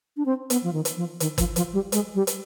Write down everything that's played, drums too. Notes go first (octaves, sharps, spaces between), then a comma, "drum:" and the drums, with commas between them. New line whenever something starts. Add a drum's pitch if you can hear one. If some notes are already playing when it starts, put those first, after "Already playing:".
D4
C4
B3, drum: hi-hat
F3
D#3
drum: hi-hat
F3
D#3, drum: hi-hat
F3, drum: kick G1, hi-hat
F3, drum: hi-hat
G3
G#3, drum: hi-hat
G3
drum: hi-hat